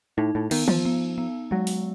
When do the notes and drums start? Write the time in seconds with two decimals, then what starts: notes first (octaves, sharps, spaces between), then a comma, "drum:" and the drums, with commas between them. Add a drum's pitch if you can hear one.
0.18 A2 D#4
0.35 A2
0.51 D#3 B3, drum: cymbal
0.68 F3, drum: tom
0.85 B3
1.18 B3
1.51 F#3 G#3
1.67 drum: open hi-hat